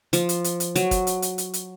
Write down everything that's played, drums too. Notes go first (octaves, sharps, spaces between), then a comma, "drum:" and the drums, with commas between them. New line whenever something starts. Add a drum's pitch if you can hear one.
F3, drum: hi-hat
drum: hi-hat
drum: hi-hat
drum: hi-hat
F#3, drum: hi-hat
drum: kick, hi-hat
drum: hi-hat
drum: hi-hat
drum: hi-hat
drum: hi-hat